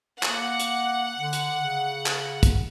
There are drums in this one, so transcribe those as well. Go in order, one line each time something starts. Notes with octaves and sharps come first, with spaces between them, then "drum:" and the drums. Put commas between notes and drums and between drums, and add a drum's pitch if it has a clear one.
A#3 F#5, drum: clap
drum: hi-hat
D3
drum: hi-hat
C#3
drum: clap
drum: kick, hi-hat